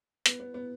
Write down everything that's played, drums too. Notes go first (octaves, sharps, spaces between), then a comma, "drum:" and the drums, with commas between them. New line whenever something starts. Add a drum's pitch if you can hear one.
B3, drum: hi-hat
B3
B3